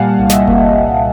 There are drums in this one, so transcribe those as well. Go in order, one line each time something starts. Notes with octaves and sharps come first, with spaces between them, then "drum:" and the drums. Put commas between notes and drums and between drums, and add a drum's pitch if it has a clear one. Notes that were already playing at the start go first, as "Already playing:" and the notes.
Already playing: A#2 G3 A#3 F5 F#5 G#5 A5
C2
D#5, drum: snare
E5
A#3, drum: kick F#1